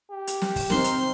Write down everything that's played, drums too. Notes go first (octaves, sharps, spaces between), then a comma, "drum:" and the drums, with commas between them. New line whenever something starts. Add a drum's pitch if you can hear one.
G4
drum: hi-hat
drum: snare
drum: kick, open hi-hat
C4 D#4 A#4 C6, drum: snare
drum: hi-hat